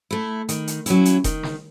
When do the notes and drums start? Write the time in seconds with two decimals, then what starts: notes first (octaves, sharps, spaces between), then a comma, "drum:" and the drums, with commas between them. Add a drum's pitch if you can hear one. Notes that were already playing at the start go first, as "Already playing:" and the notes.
0.11 A3 E4
0.49 D#3, drum: hi-hat
0.67 drum: hi-hat
0.86 F#3 C#4 E4, drum: hi-hat
1.05 drum: hi-hat
1.24 D#3, drum: kick E1, hi-hat
1.43 drum: snare